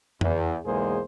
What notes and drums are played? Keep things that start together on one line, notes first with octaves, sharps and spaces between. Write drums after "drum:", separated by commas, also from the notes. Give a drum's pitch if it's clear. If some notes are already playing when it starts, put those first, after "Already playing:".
E2, drum: tom F2
B1 E2 G#3 A#3 G#4 C5